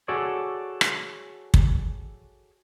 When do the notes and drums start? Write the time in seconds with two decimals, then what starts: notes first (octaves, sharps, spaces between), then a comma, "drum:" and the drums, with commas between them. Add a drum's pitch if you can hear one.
0.08 F#4 G#4 A4 C#5 D5
0.81 drum: rim click
1.54 drum: kick